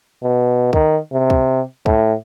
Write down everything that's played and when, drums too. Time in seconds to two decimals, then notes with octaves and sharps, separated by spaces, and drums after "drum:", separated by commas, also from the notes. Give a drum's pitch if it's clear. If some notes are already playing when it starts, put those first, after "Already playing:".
0.23 B2
0.73 D#3, drum: kick
1.13 C3
1.30 drum: kick
1.86 A2, drum: kick